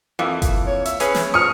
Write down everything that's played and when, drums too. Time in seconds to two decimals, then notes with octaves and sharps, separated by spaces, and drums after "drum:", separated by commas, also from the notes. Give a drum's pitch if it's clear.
0.19 F2 E3 A#3
0.42 drum: kick F#1, hi-hat
0.66 C#5
0.85 E5, drum: hi-hat
1.00 C#4 G#4 B4 C#5, drum: hi-hat
1.15 drum: snare
1.34 F3 C#6 D#6 F6